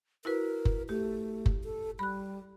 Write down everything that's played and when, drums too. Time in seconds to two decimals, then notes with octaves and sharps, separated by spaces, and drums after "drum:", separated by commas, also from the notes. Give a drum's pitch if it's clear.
0.25 E4 F#4 A#4 B4
0.65 drum: kick F#1
0.89 A3 G4
1.46 drum: kick F#1
1.64 A4
1.99 G3 B5 F#6